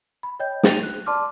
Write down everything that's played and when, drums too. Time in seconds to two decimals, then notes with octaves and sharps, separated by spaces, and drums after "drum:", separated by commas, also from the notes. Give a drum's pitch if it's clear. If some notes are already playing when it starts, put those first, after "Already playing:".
0.23 B5
0.40 C#5 D#5 G5 G6
0.63 G5 A6 D#7 F7, drum: snare
0.83 F#6
1.06 D5 A5 C6 D6 F6